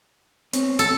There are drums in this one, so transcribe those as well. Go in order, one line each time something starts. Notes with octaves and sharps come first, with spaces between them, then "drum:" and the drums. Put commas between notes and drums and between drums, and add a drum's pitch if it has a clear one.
B3 C4 C#5, drum: hi-hat
A4, drum: hi-hat